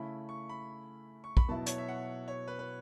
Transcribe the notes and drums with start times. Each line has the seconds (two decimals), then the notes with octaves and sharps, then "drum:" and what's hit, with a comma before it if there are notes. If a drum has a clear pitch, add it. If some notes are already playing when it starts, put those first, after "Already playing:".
Already playing: C#3 A3 C#4 E4 B5
0.29 C#6
0.49 B5
1.24 C#6
1.37 B5, drum: kick
1.48 B2 F#3 B3 E4 A5
1.66 C#5, drum: hi-hat
1.78 E5
1.88 F#5
2.28 C#5
2.48 B4
2.59 B4